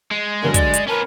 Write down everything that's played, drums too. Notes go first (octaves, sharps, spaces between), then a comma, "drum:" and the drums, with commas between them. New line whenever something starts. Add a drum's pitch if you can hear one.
G#3
G2 D3 F#3 A#4
D5, drum: kick, hi-hat
drum: hi-hat
C#4 A#4 B4 A5